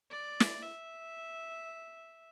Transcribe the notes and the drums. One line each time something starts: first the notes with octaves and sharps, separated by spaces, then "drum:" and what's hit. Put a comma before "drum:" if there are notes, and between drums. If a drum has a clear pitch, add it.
D5
drum: snare
E5